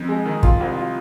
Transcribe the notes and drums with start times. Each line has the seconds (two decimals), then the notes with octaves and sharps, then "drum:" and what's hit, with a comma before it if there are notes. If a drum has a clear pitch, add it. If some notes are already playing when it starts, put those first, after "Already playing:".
Already playing: F2
0.09 G#3
0.25 D#3
0.43 F4, drum: kick
0.60 C2
0.77 F4